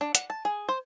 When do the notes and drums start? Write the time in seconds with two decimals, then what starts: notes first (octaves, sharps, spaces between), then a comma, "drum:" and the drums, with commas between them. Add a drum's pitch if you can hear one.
0.01 D4
0.15 F#5, drum: hi-hat
0.30 A5
0.45 G#4
0.69 C5